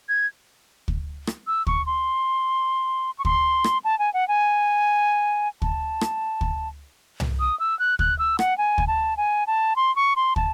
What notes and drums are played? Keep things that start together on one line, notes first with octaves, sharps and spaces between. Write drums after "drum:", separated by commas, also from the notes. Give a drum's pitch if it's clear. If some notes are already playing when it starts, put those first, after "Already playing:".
G#6
drum: kick
drum: rim click
E6
C#6, drum: kick
C6
C#6
C6, drum: kick
drum: rim click
A5
G#5
F#5
G#5
A5, drum: kick
drum: rim click
drum: kick
drum: tom C2
D#6
E6
F#6
F#6, drum: kick
E6
F#5, drum: rim click
G#5
drum: kick
A5
G#5
A5
C6
C#6
C6
A5, drum: kick